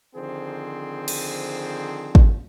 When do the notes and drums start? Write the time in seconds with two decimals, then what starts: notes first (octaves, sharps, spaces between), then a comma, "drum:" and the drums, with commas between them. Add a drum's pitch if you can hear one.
0.15 D3 D#3 F3 C4 G#4 C5
1.08 drum: cymbal
2.15 drum: kick G#1